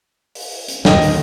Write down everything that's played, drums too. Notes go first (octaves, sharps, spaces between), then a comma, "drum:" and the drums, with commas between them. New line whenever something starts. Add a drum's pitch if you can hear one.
drum: open hi-hat
drum: hi-hat
D#2 D3 D#3 D#5 G5, drum: snare
drum: open hi-hat